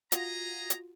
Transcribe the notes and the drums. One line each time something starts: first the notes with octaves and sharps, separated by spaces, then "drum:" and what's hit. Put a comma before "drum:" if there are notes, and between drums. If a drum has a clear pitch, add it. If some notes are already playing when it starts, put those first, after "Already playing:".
F4 F#4 G#4 D#5 A#5, drum: hi-hat
drum: hi-hat